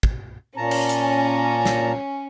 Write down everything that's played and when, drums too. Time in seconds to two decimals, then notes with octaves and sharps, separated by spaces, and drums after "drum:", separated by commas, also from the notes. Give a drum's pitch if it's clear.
0.03 drum: kick
0.57 A#2 C#4 A5 A#5
0.71 drum: cymbal
0.89 drum: hi-hat
1.65 drum: snare